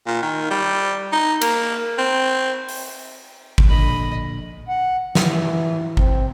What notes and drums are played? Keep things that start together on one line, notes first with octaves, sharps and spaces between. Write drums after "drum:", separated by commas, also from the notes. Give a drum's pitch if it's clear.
A#2
D#3
G3
D#4
A#3, drum: cymbal
C4
drum: open hi-hat
drum: kick G#1
A#1 D3 D#5 B5
F#5
E3, drum: snare
C4, drum: kick G#1